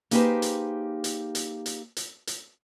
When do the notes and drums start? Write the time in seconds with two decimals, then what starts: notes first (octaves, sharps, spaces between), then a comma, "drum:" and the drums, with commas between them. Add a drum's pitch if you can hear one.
0.11 A#3 D#4 G4 G#4 B4 C5, drum: hi-hat
0.42 drum: hi-hat
1.04 drum: hi-hat
1.35 drum: hi-hat
1.66 drum: hi-hat
1.96 drum: hi-hat
2.27 drum: hi-hat